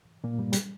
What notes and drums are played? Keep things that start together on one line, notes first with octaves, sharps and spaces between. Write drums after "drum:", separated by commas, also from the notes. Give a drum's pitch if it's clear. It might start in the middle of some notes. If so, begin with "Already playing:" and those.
A#2 A#3
G2 G3
G3, drum: hi-hat